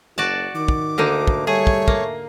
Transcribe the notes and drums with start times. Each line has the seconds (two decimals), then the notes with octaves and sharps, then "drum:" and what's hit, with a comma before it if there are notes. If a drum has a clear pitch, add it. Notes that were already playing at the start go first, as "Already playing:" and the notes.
0.18 F#1 F#4 D5 A5
0.55 D#3 D6
0.68 drum: kick
0.98 D2 D3 A#3 D#4
1.27 drum: kick
1.47 G3 A3 G#4 C#5
1.67 drum: kick
1.88 A#3, drum: kick